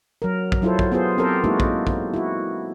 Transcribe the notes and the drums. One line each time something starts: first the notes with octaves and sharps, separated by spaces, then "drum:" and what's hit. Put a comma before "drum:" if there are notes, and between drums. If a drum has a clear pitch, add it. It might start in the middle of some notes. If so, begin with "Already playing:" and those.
F#3 A#4
drum: kick
F#3 E4 F4 A4 C5
drum: kick
B3 F4 G#4 C5
C4 G4 A4 A#4 C5
G#3 A#3 D#4 E4 F#4
drum: kick
drum: kick
E4 F#4